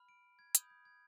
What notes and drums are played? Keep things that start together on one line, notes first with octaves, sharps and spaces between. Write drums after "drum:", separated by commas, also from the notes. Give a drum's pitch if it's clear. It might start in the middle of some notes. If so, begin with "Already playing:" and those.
Already playing: B5 F6
D7
G#6
B5 D#6 G6, drum: hi-hat
G#6
G#6